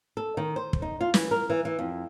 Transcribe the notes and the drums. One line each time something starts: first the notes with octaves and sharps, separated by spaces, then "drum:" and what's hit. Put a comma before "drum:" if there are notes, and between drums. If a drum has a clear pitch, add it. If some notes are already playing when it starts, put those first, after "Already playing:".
A4
D#3
C5
drum: kick
D#4
F4
E3, drum: snare
A#4
E3
E3
F2